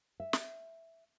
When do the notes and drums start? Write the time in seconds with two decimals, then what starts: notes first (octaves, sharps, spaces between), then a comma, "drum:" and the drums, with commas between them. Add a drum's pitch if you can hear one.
0.20 E5
0.33 drum: snare